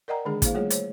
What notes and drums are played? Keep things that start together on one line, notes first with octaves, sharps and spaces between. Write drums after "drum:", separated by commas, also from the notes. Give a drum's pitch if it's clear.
A#4 D5 D#5 F#5 G5 A#5
D3 D#3 G#3 D4 G#4
A#3 E4 G#4 C5 F5, drum: kick, hi-hat
G3 A3 F4 G#4 C#5
C5 C#5, drum: hi-hat